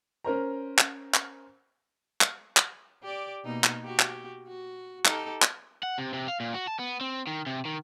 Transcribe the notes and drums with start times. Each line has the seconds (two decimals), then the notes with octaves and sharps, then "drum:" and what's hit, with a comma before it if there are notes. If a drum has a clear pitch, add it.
0.25 C#4 A#4 C5 A#5
0.78 drum: clap
1.14 drum: clap
2.21 drum: clap
2.57 drum: clap
3.03 G4 D5
3.45 B2 A#3 D#4
3.64 drum: clap
3.84 F#4 G4
3.99 drum: clap
4.47 F#4
5.05 D#4 G4 A4, drum: clap
5.42 drum: clap
5.83 F#5
5.98 C3
6.14 C3
6.28 F5
6.40 A#2
6.54 F#4
6.67 A5
6.79 B3
7.01 C4
7.27 D#3
7.47 C3
7.65 D#3